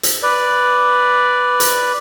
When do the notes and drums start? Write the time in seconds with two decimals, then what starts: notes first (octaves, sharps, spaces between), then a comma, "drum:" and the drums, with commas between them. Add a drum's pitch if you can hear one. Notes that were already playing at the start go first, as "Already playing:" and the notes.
0.03 drum: hi-hat
0.23 B4 D5
1.60 drum: hi-hat